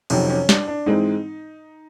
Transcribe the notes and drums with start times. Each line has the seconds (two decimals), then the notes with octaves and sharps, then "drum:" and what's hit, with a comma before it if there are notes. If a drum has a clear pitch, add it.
0.10 F2 C3 D#3 F#3 C#4, drum: cymbal
0.30 C#4
0.49 D4, drum: snare
0.68 D4
0.86 G#2 E3 G#3 C4 D#4